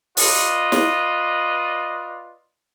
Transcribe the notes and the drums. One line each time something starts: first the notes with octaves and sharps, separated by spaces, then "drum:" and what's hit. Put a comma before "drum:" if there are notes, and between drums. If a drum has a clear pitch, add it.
F4 B4 D5 D#5, drum: open hi-hat
drum: snare